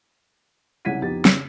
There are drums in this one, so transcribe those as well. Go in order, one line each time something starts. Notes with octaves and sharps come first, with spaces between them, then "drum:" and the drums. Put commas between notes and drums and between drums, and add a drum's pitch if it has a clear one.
C2 C#3 F#5 G#6 B6 D#7
F2 B3 D#4 G4 A6
C#3 E6, drum: snare